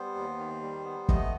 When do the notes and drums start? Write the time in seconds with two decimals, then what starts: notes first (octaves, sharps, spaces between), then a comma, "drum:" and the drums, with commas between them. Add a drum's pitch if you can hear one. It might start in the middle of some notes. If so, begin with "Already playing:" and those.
Already playing: G3 B3 C5
0.15 D#2
0.38 D#3
0.61 G3
0.85 B3
1.09 A3 D#5, drum: kick G1